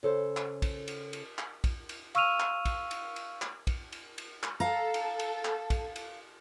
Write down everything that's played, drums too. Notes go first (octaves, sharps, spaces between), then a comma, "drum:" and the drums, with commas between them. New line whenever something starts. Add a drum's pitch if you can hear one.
C#3 A4 C5
drum: clap
drum: kick, cymbal
drum: cymbal
drum: cymbal
drum: clap
drum: kick, cymbal
drum: cymbal
F5 C#6 E6 F6 D#7 F7, drum: cymbal
drum: clap
drum: kick, cymbal
drum: cymbal
drum: cymbal
drum: clap
drum: kick, cymbal
drum: cymbal
drum: cymbal
drum: clap
A4 F5 A#5
drum: cymbal
drum: cymbal
drum: clap
drum: kick, cymbal
drum: cymbal